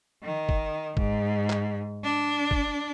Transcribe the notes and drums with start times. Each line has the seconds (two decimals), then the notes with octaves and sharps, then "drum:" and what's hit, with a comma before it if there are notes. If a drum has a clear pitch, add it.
0.23 D#3
0.49 drum: kick
0.97 G#2, drum: kick
1.50 drum: clap
2.04 D4
2.51 drum: kick